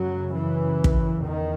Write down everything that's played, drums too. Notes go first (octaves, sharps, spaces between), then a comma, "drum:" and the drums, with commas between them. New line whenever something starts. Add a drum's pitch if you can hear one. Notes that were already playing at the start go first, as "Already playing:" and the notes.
Already playing: F#2 C#3 F#3
E3
drum: kick
E2 D#3